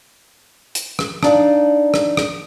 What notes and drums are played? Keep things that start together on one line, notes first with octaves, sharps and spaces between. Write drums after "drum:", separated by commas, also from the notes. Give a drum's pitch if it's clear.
drum: hi-hat
drum: rim click
D4 D#4 D5 F5 A5, drum: rim click
drum: rim click
drum: rim click